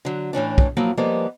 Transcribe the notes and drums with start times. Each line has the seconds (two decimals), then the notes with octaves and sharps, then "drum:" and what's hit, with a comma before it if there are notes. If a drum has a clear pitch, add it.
0.05 D3 F#3
0.33 A2 E3 C#4 D4
0.58 drum: kick
0.77 F3 F#3 A#3 E4
0.97 F3 G3 G#3 A#3 B3